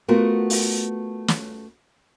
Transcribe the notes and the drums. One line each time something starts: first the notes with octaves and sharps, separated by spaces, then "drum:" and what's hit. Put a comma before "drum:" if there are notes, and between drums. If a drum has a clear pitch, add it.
A3 B3 F4 F#4 A#4
drum: open hi-hat
drum: snare